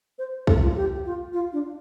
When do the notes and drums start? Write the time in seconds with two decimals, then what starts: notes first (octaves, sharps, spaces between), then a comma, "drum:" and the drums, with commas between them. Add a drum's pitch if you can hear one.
0.19 C5
0.47 A4, drum: kick B1
0.62 F4
0.76 G4
1.05 F4
1.33 F4
1.53 D4